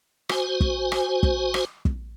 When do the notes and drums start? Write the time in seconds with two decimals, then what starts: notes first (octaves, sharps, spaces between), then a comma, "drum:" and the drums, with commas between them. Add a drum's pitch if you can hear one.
0.29 F#4 C5 G#5, drum: rim click
0.60 drum: kick
0.92 drum: rim click
1.23 drum: kick
1.54 drum: rim click
1.85 drum: kick